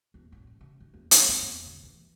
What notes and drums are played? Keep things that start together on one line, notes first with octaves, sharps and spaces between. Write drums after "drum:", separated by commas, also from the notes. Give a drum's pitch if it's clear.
E2
A1
G2
C#3
D#3
E2
F4, drum: hi-hat
C4
E2
D3
E3